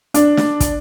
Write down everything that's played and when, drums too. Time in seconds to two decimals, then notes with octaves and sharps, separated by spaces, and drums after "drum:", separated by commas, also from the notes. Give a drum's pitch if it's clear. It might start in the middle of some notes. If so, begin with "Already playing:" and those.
0.14 D4, drum: hi-hat
0.37 drum: snare
0.60 drum: kick, hi-hat